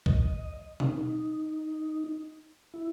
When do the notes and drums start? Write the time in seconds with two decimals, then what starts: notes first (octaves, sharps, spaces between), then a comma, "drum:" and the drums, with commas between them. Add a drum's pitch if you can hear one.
0.06 D#5, drum: kick
0.80 D#4, drum: tom B2
2.74 E4